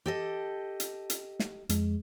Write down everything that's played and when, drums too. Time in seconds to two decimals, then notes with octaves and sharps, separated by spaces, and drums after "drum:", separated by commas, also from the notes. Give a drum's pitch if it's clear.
0.06 G4 A4 D#5
0.80 drum: hi-hat
1.10 drum: hi-hat
1.39 drum: snare
1.69 F2 G#3, drum: hi-hat